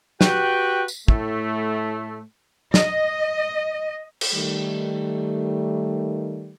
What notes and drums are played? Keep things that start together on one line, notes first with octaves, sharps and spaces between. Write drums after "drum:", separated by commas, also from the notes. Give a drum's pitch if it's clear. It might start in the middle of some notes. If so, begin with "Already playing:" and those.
F#4 G4 B4 G5, drum: snare
drum: tambourine
A2 A3, drum: kick
D#5, drum: snare
drum: cymbal
D#3 G3 A3